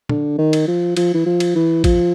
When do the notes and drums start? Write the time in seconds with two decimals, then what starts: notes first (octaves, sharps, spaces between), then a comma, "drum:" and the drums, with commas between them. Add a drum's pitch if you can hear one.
0.09 D3, drum: tom
0.38 D#3
0.53 drum: cymbal
0.68 F3
0.97 F3, drum: cymbal
1.14 E3
1.26 F3
1.40 drum: cymbal
1.55 E3
1.84 F3, drum: kick, cymbal